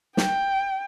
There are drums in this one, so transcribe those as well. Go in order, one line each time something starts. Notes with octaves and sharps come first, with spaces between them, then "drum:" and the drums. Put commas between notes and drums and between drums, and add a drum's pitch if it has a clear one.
G5, drum: snare